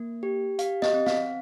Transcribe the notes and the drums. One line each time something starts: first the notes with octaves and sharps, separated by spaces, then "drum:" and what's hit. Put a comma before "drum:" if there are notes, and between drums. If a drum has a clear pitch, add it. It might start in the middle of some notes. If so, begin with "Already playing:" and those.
Already playing: A#3
G4
G4 F5, drum: hi-hat
D#5, drum: snare
C4
F5, drum: snare